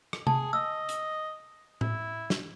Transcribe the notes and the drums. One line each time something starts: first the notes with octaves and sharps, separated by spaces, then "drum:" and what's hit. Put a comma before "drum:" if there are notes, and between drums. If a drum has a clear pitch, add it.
drum: rim click
G#4 A5, drum: tom C3
D#5 E6
drum: hi-hat
E4, drum: tom A2
drum: snare